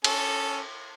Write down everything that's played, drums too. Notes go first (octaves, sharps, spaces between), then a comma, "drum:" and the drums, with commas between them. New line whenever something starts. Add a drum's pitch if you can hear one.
C#4 A4, drum: cymbal